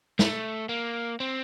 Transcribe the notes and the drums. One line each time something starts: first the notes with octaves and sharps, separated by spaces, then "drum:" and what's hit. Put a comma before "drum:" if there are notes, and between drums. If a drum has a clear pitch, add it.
A3, drum: snare
A#3
C4